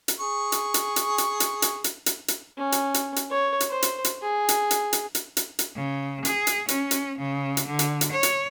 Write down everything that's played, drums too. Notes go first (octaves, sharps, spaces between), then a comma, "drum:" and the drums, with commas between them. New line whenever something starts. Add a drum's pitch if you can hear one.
drum: hi-hat
G#4 C#6
drum: hi-hat
drum: hi-hat
drum: hi-hat
drum: hi-hat
drum: hi-hat
drum: hi-hat
drum: hi-hat
drum: hi-hat
drum: hi-hat
C#4
drum: hi-hat
drum: hi-hat
drum: hi-hat
C#5
drum: hi-hat
C5
drum: hi-hat
drum: hi-hat
G#4
drum: hi-hat
drum: hi-hat
drum: hi-hat
drum: hi-hat
drum: hi-hat
drum: hi-hat
C#3
G#4, drum: hi-hat
drum: hi-hat
C#4, drum: hi-hat
drum: hi-hat
C#3
drum: hi-hat
D3
drum: hi-hat
drum: hi-hat
C#5
drum: hi-hat